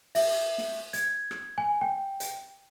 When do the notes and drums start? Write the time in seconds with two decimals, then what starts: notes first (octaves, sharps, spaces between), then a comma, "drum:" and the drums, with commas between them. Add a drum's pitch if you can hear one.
0.15 E5, drum: open hi-hat
0.58 drum: snare
0.93 G#6, drum: hi-hat
1.31 drum: rim click
1.58 G#5
1.81 G5
2.20 drum: hi-hat